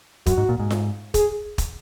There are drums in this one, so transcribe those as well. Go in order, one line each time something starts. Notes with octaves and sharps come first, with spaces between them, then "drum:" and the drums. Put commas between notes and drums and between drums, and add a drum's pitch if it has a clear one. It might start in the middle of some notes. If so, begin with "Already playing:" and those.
F#2 F#4, drum: kick, hi-hat
G#2
A#2
G#2
drum: snare F4
G#4, drum: kick, hi-hat
drum: kick, hi-hat